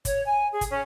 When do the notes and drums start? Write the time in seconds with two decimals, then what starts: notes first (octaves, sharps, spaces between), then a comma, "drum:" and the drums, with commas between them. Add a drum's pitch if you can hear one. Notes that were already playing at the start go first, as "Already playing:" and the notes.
0.05 C#5, drum: kick, hi-hat
0.25 G#5
0.52 G#4
0.61 drum: kick, hi-hat
0.70 C#4